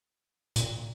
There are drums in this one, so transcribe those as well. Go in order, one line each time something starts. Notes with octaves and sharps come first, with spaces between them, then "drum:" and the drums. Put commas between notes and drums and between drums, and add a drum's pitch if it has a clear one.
A#2, drum: hi-hat